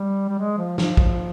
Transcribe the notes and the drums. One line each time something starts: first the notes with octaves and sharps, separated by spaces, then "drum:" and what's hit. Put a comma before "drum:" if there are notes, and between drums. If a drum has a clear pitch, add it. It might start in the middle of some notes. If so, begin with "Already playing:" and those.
Already playing: G3
G3
G#3
F3
F3, drum: snare
drum: kick